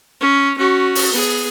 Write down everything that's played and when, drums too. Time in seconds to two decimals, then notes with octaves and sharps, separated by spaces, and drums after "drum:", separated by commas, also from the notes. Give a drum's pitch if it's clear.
0.21 C#4
0.58 C#4 F#4
0.95 drum: open hi-hat
1.13 B3 G#4